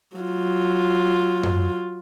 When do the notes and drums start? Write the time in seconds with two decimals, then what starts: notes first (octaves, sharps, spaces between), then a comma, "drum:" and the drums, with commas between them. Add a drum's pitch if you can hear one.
0.17 F#3 F4
1.43 drum: tom F#2